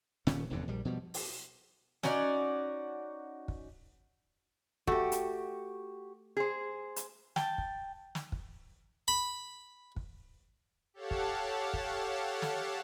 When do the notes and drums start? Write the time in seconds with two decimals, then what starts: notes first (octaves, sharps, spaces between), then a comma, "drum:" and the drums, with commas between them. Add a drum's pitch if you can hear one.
0.27 D#1 A#2 D#3 C#4, drum: snare
0.50 F1 E2 G2 D3
0.68 A#1 G3
0.85 B2 F3 G3
1.14 drum: open hi-hat
2.03 C#4 D#4 F#4 D5, drum: snare
3.48 drum: kick
4.87 A3 F#4 G4, drum: kick
5.12 drum: hi-hat
6.37 G#4 C5
6.96 drum: hi-hat
7.36 G5 A5, drum: snare
7.58 drum: kick
8.15 drum: snare
8.32 drum: kick
9.08 B5
9.96 drum: kick
10.94 G4 A4 C#5 F5 F#5 A5
11.11 drum: kick
11.73 drum: kick
12.42 drum: snare